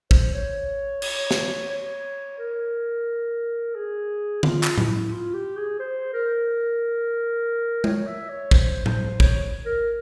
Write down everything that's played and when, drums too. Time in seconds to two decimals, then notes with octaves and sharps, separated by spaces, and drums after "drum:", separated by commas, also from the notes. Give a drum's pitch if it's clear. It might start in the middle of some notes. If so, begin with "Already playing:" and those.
0.11 C5, drum: kick
0.34 C#5
1.02 C#5, drum: cymbal
1.31 drum: snare
1.70 C#5
2.39 A#4
3.75 G#4
4.43 F4, drum: tom D3
4.63 drum: clap
4.78 E4, drum: tom A2
5.11 F4
5.34 G4
5.56 G#4
5.79 C5
6.14 A#4
7.84 C#5, drum: tom G#3
8.07 E5
8.29 C#5
8.51 C5, drum: kick
8.86 C5, drum: tom A2
9.20 C#5, drum: kick
9.66 A#4